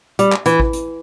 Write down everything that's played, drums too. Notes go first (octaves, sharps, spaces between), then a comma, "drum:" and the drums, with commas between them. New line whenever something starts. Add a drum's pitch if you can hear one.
G3, drum: hi-hat
drum: clap
E3, drum: hi-hat
drum: kick A1
drum: hi-hat